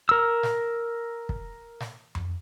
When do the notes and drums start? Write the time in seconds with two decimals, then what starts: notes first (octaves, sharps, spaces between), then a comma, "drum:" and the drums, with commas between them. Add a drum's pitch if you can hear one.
0.09 A#4 E6
0.43 drum: snare
1.29 drum: kick
1.81 drum: snare
2.15 drum: tom F2